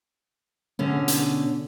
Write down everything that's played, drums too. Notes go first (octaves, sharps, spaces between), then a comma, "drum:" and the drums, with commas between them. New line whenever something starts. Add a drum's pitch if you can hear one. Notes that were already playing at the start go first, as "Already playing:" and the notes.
B2 D3 C#4
drum: hi-hat